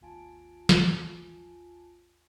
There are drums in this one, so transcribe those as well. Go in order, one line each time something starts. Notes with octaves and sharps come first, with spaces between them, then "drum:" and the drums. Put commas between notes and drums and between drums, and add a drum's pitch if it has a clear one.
G#1 D#2 F4 G#5 A5 D7
drum: snare